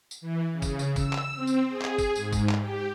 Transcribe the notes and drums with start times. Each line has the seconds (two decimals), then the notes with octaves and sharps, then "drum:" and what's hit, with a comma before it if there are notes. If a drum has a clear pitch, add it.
0.11 drum: tambourine
0.21 E3
0.52 C#3
0.62 drum: kick, tambourine
0.79 drum: tambourine
0.96 E6, drum: kick, tambourine
1.13 drum: clap
1.36 C4
1.47 drum: tambourine
1.69 G#4
1.81 drum: clap
1.98 drum: kick, tambourine
2.15 G#2, drum: tambourine
2.33 drum: kick, tambourine
2.50 drum: clap
2.60 G4